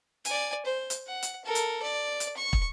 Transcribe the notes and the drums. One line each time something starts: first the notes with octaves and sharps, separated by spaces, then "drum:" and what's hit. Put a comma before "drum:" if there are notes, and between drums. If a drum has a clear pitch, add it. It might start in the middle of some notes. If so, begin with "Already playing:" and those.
D5 G#5, drum: hi-hat
C5
drum: hi-hat
F#5
drum: hi-hat
A4 A#4
drum: hi-hat
D5
drum: hi-hat
C#6
drum: kick